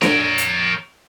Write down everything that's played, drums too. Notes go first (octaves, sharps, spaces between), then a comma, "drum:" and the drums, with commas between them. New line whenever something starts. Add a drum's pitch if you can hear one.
A#4 C#5, drum: snare D4
drum: hi-hat